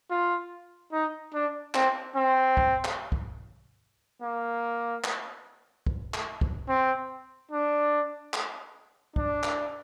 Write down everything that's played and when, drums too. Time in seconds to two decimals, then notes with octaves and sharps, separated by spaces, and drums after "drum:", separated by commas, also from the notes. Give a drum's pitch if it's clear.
0.10 F4
0.92 D#4
1.34 D4
1.74 C4, drum: clap
2.15 C4
2.57 drum: kick
2.85 drum: clap
3.12 drum: kick
4.22 A#3
5.04 drum: clap
5.86 drum: kick
6.14 drum: clap
6.41 drum: kick
6.69 C4
7.51 D4
8.34 drum: clap
9.16 D4, drum: kick
9.43 drum: clap